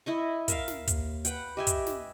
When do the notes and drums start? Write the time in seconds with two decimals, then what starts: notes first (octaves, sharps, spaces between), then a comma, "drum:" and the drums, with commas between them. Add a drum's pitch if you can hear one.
0.06 E4 D#5 C#6
0.48 A#4 E5 F5, drum: kick, hi-hat
0.68 drum: snare
0.78 D#2
0.87 drum: kick, hi-hat
1.25 B4 F#5 G5, drum: hi-hat
1.57 G4 D#5 E5 G#5
1.67 drum: kick, hi-hat
1.86 drum: snare